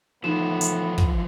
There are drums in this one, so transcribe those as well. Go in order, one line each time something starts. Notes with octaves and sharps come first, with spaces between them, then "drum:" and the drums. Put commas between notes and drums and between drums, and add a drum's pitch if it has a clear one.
A2 E3 F3 B3 D#4 E7
drum: hi-hat
drum: kick